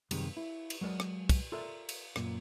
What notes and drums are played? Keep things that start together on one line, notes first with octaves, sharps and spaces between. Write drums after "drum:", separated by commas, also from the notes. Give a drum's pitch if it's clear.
F#2 C3 D#3 G3 G#3, drum: cymbal
E4
drum: cymbal
F#3 G#3 A#4 D5
drum: rim click
drum: kick, cymbal
F4 A4 A#4 D5 E5
drum: cymbal
F#2 A#2, drum: rim click